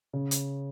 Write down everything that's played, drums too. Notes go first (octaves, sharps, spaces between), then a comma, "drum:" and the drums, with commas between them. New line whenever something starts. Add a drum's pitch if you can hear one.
C#3
drum: hi-hat